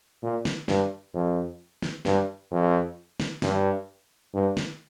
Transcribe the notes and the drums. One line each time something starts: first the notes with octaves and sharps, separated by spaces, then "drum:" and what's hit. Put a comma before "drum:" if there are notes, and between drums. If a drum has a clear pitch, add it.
A#2
drum: snare
G2, drum: snare
F2
drum: snare
G2, drum: snare
F2
drum: snare
G2, drum: snare
G2
drum: snare